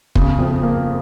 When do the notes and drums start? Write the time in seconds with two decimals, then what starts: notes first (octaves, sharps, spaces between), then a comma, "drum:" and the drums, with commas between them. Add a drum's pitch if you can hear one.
0.15 C#3, drum: kick
0.39 F2
0.63 A#3